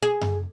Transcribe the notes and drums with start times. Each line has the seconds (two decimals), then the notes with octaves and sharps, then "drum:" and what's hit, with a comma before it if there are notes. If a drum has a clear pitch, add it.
0.03 G#4
0.21 drum: tom F#2